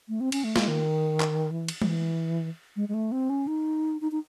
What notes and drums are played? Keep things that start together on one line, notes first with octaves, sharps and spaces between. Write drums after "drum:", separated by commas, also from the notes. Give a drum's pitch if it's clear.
A3
C4
C#4, drum: cymbal
A3
G#3, drum: snare
D#3
drum: clap
E3
drum: cymbal
F#3, drum: tom G#3
E3
G#3
G#3
A3
C4
C#4
D#4
D#4
D#4